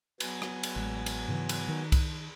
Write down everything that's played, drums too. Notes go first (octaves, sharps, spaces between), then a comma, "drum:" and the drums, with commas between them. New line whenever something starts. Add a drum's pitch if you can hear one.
F#3 B3 G#5, drum: cymbal
drum: rim click
drum: cymbal
A1 G#3
drum: cymbal
G#2 C#3 E3
drum: cymbal
D#3
drum: kick C2, cymbal